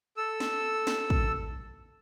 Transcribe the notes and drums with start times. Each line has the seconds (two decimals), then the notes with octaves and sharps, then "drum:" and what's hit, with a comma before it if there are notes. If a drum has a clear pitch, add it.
0.17 A4 E6
0.40 drum: snare
0.87 drum: snare
1.10 drum: kick